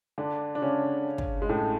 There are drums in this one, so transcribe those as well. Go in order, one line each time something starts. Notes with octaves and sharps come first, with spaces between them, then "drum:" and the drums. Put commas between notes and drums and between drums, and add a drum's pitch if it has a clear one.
D3 D4
D4
C#3 C#4
drum: kick
G#3
A2 A3